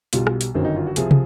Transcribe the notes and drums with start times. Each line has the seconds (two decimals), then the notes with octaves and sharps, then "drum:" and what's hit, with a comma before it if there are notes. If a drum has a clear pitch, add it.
0.13 B1 B2 G3 F4, drum: hi-hat
0.27 drum: rim click
0.41 drum: hi-hat
0.54 G1 F#2 D#3 F#3 C4
0.65 D#4
0.76 F4
0.87 F#4
0.96 C2 C3 F3 G#4, drum: hi-hat
1.11 drum: tom